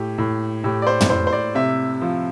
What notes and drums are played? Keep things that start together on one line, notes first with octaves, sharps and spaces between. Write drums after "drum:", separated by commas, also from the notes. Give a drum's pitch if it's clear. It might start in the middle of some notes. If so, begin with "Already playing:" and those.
Already playing: A2 G4
A2
A2 G4
D5
C5
drum: tom
A2 C5
C5
D5
C3 E5
F3